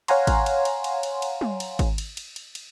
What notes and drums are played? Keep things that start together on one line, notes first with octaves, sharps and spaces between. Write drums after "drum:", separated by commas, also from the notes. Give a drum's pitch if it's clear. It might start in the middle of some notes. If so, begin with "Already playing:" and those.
C#5 F5 F#5 G#5 A#5 C6, drum: cymbal
drum: kick G#1, cymbal
drum: cymbal
drum: cymbal
drum: cymbal
drum: cymbal
drum: cymbal
drum: tom
drum: cymbal
drum: kick G#1, cymbal
drum: cymbal
drum: cymbal
drum: cymbal
drum: cymbal